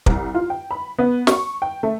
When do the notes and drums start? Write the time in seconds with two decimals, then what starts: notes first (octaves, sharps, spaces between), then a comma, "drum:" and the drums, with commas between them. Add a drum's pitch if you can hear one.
0.06 C2, drum: kick
0.34 F4
0.50 G5
0.71 B5
0.99 B3
1.27 C#6, drum: snare
1.62 G5
1.83 A3